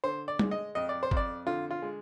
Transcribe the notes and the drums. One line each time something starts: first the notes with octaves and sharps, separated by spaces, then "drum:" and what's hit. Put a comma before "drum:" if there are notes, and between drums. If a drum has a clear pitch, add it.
D3 C5
D5
G#3, drum: tom G3
D#5
F2 D#5
D5
C5
F2, drum: kick
D5
D3 F4
F4
G#3